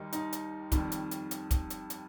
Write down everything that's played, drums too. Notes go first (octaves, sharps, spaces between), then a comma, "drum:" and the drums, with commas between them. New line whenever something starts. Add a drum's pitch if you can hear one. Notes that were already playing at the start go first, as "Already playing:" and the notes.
Already playing: D#2 D#3 G3 D#4
D#4, drum: hi-hat
drum: hi-hat
F2 D#3 G3, drum: kick, hi-hat
drum: hi-hat
drum: hi-hat
drum: hi-hat
drum: kick, hi-hat
drum: hi-hat
drum: hi-hat